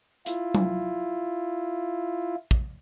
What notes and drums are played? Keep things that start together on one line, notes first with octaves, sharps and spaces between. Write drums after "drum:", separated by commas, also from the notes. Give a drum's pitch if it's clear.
E4 F4, drum: hi-hat
drum: tom F#3
drum: kick